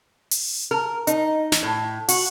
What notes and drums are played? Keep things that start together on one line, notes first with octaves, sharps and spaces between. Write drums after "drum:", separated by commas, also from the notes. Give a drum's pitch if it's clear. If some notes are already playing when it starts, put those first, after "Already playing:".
drum: open hi-hat
A#4
D#4, drum: hi-hat
drum: snare
A2
F#4, drum: open hi-hat